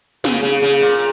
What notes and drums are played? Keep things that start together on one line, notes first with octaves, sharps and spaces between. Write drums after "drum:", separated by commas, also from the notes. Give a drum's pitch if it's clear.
C#3, drum: snare
C#3
C#3
A#2